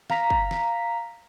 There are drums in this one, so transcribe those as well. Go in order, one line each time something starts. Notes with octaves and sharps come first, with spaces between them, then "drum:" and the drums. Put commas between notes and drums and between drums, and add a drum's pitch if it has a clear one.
F5 A#5 B6, drum: snare
drum: kick
drum: snare